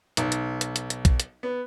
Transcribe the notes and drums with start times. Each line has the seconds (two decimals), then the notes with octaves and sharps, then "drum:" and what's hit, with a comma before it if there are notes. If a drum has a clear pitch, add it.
0.17 B1, drum: hi-hat
0.32 drum: hi-hat
0.61 drum: hi-hat
0.76 drum: hi-hat
0.90 drum: hi-hat
1.05 drum: kick A#1, hi-hat
1.20 drum: hi-hat
1.43 B3